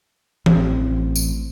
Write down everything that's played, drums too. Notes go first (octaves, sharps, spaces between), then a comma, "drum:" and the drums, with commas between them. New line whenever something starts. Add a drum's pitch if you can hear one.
A1 C4, drum: tom E3
drum: tambourine